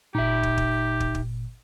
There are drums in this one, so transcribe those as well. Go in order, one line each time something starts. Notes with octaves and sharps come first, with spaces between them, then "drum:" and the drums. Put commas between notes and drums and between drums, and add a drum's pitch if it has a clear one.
G1 A#2 D#4 G4 E5
drum: kick
drum: kick
drum: kick
drum: kick